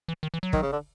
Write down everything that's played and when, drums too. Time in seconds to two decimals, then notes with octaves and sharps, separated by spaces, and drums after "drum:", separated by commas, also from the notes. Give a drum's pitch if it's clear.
0.08 E3
0.23 D#3
0.34 E3
0.43 F#3
0.53 D#3, drum: kick
0.62 C#3
0.72 D3